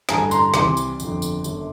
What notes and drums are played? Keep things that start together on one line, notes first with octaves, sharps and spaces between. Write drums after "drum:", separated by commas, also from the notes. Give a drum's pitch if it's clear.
A1 G2 D3 G#5 A#5, drum: snare
A#5 C6, drum: tambourine
C2 C3 E3 C6 D6, drum: snare
drum: tambourine
G1 F2 D3, drum: tambourine
drum: tambourine
G1 F#2 D3, drum: tambourine